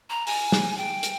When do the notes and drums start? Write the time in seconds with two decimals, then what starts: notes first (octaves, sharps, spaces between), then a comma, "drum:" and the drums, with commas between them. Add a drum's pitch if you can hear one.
0.10 A#5
0.27 G#5, drum: open hi-hat
0.52 drum: snare
0.78 G5
1.03 drum: hi-hat